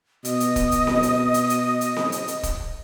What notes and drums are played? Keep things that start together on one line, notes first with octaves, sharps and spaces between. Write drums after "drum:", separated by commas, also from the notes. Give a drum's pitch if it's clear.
B2 D#5, drum: hi-hat
drum: hi-hat
drum: kick, hi-hat
drum: hi-hat
drum: snare C4
drum: hi-hat
drum: hi-hat
drum: hi-hat
drum: hi-hat
drum: snare C4
drum: hi-hat
drum: hi-hat
drum: kick, hi-hat